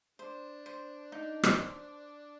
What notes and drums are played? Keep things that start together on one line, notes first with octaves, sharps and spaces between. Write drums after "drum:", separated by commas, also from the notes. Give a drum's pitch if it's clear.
D4 C5
C5
D#4
drum: rim click
C5